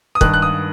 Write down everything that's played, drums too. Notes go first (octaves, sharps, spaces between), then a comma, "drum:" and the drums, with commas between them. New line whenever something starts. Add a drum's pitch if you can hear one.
D#6
G2 D#3 F#6, drum: kick
F#6
D#6